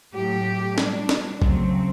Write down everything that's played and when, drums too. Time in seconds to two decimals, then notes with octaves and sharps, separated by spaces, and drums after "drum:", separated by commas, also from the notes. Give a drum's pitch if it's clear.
0.15 A2 F#3 A3 G4
0.78 B2 G3 D4, drum: snare
1.09 drum: snare
1.42 C#3 F#3 A3 C4, drum: kick